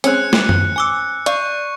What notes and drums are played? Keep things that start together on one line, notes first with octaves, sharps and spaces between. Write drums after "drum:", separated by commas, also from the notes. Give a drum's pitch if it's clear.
G#3 C4 C#4 F#6 C#7, drum: hi-hat
drum: snare
drum: tom F#2
G#5 D6 E6
D5 F5 C#6, drum: hi-hat